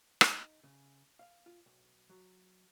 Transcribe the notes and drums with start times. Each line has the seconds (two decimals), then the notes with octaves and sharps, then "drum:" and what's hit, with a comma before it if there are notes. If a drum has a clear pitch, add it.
0.21 D#4, drum: rim click
0.64 C#3
1.19 F5
1.46 F4
1.66 B1
2.09 F#3